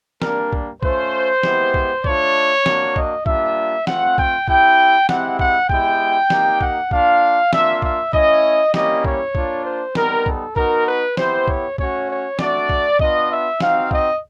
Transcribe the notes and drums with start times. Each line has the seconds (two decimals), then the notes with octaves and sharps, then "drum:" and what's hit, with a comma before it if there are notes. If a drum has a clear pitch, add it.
0.22 G3 A#3 D4 A#4, drum: snare
0.53 drum: kick
0.83 A3 C#4 F4 C5, drum: kick
1.43 G#3 B3 E4 G4, drum: snare
1.74 drum: kick
2.04 A3 D4 F4 C#5, drum: kick
2.66 A#3 D4 F#4, drum: snare
2.96 D#5, drum: kick
3.26 G3 A#3 D4 F4 E5, drum: kick
3.87 A3 C4 F4 F#5, drum: snare
4.18 G5, drum: kick
4.48 C4 E4 G4 G5, drum: kick
5.09 G#3 C4 E4 G4 F#5, drum: snare
5.39 F#5, drum: kick
5.69 G#3 B3 E4 G4 G5, drum: kick
6.30 A#3 D#4 G4, drum: snare
6.61 F#5, drum: kick
6.91 A#3 D4 F4 F5, drum: kick
7.53 A#3 D4 F4 E5, drum: snare
7.82 E5, drum: kick
8.13 A3 C#4 E4 D#5, drum: kick
8.74 G3 A#3 C#4 E4 G4 D#5, drum: snare
9.05 C#5, drum: kick
9.35 A#3 D4 F4, drum: kick
9.65 C5
9.95 G3 B3 D#4 A#4, drum: snare
10.26 A4, drum: kick
10.56 B3 D#4 F#4 A#4, drum: kick
10.87 B4
11.17 B3 E4 G4 C5, drum: snare
11.48 C#5, drum: kick
11.78 A3 C#4 F#4 C#5, drum: kick
12.09 C#5
12.39 A3 D4 F#4 D5, drum: snare
12.69 drum: kick
12.99 B3 D4 F4 D#5, drum: kick
13.31 E5
13.60 C4 D#4 F#4 F5, drum: snare
13.91 D#5, drum: kick